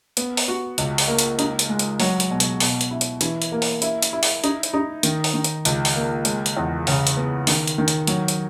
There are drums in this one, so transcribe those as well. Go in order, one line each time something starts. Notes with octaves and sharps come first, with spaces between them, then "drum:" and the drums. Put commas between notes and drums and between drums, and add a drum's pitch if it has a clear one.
B3, drum: hi-hat
drum: open hi-hat
F#4
C#2, drum: hi-hat
drum: open hi-hat
A#3
drum: hi-hat
D#4, drum: hi-hat
drum: hi-hat
G#3
drum: hi-hat
F#3, drum: open hi-hat
drum: hi-hat
B2
drum: hi-hat
B2, drum: open hi-hat
drum: hi-hat
E4
drum: hi-hat
E3, drum: hi-hat
drum: hi-hat
A#3
drum: open hi-hat
E4, drum: hi-hat
drum: hi-hat
E4
drum: open hi-hat
D#4, drum: hi-hat
drum: hi-hat
D#4
D#3, drum: hi-hat
drum: open hi-hat
D#3
drum: hi-hat
C#2, drum: hi-hat
drum: open hi-hat
A#3
G#3, drum: hi-hat
drum: hi-hat
E2
C#3, drum: open hi-hat
drum: hi-hat
B3
D#3, drum: open hi-hat
drum: hi-hat
D#3
drum: hi-hat
F#3, drum: hi-hat
drum: hi-hat